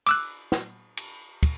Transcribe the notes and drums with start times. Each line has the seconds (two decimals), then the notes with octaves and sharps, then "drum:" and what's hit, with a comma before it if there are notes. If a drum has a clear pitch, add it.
0.07 D6 E6 F#6, drum: cymbal
0.52 drum: snare
0.97 drum: cymbal
1.43 drum: kick, cymbal